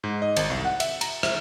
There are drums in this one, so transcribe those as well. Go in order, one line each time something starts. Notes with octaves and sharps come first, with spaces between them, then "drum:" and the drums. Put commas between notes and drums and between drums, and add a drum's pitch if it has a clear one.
G#2
D#5
G#1, drum: cymbal
C2
F#5
E5, drum: cymbal
A#5, drum: cymbal
E5, drum: rim click